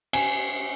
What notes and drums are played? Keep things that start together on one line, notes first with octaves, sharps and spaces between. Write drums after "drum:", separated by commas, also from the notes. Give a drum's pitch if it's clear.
G#5, drum: cymbal